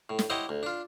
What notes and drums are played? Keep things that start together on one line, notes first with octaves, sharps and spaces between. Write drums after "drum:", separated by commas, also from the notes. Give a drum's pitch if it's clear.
A2
drum: snare
E4 G4 C5 C#5 D#5 F#5
D2
D4 F4